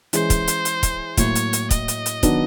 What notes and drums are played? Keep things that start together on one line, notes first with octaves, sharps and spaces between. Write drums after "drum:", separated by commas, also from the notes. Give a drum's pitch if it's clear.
E3 G#3 C#4 C5, drum: hi-hat
drum: kick, hi-hat
drum: hi-hat
drum: hi-hat
drum: kick, hi-hat
A2 F#3 A#3 C#5, drum: kick, hi-hat
drum: hi-hat
drum: hi-hat
D#5, drum: kick, hi-hat
drum: hi-hat
drum: hi-hat
D#3 F#3 B3 D4, drum: kick, hi-hat